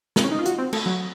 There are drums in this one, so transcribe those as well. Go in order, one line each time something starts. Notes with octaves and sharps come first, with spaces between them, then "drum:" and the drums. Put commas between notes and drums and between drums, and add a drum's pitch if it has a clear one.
C4, drum: snare
C#4
D#4
F4
F#4, drum: hi-hat
C4
A3, drum: cymbal
F#3